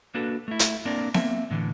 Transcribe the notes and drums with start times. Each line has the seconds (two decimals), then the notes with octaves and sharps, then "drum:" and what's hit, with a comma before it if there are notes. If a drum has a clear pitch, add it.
0.14 A#3 D4 F#4 A4 B4
0.48 A3 E4
0.59 drum: hi-hat
0.85 A#3 C4 D4 A#4 D5
1.14 A#3 C4 E5, drum: snare B3
1.51 A2 D3 E3